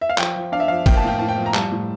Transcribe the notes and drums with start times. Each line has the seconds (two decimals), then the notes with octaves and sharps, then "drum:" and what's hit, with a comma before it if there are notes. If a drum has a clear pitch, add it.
0.01 E5
0.09 F5
0.18 F3 G5, drum: clap
0.36 F3
0.52 D4 F5
0.60 E5
0.68 F3 F5
0.86 A#3 G5, drum: kick, cymbal
0.97 A5
1.04 A2 G5
1.18 A2 A5
1.29 G5
1.38 F3
1.46 A#5
1.54 G3 A5, drum: clap
1.71 A2